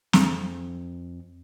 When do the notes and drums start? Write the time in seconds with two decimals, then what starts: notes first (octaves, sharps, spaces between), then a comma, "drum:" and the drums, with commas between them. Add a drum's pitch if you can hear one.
0.13 F2, drum: snare